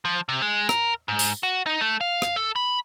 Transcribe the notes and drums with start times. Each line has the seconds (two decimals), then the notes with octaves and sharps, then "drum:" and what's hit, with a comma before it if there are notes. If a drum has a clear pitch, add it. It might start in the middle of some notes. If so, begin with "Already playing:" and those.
0.05 F3
0.29 C3
0.42 G#3
0.69 A#4, drum: rim click
1.08 G#2
1.19 drum: tambourine
1.43 F#4
1.66 D#4
1.81 A3
2.01 F5
2.22 drum: rim click
2.36 A4
2.56 B5